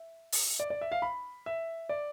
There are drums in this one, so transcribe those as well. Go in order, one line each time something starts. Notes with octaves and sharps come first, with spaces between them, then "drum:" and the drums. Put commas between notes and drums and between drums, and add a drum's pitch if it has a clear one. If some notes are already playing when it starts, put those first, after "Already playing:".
Already playing: E5
drum: open hi-hat
D5
D5
E5
F5
B5
E5
D5